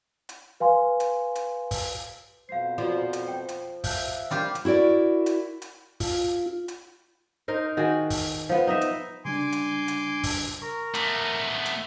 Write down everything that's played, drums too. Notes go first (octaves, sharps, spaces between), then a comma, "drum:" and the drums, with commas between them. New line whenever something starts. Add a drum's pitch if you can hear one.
drum: hi-hat
B4 F5 G#5 C6
drum: hi-hat
drum: hi-hat
drum: kick, open hi-hat
F2 B2 C5 F5 C7
F3 F4 F#4 D5
drum: hi-hat
G5
drum: hi-hat
E5 F5 F#6 G6, drum: kick, open hi-hat
C3 D#3 G3 A#3 F4 G4 G5
drum: hi-hat
E4 F#4 A#4 D5
drum: hi-hat
drum: hi-hat
F4, drum: kick, open hi-hat
drum: hi-hat
D#4 A#4 C5
D#3 F#4 G#4
drum: kick, open hi-hat
F3 B3
D#4 D#5 E5
drum: hi-hat
C#3 G3 D4 G#5 C6 D6
drum: hi-hat
drum: hi-hat
drum: kick, open hi-hat
A#4 C#6
A3 B3 D6, drum: hi-hat
drum: hi-hat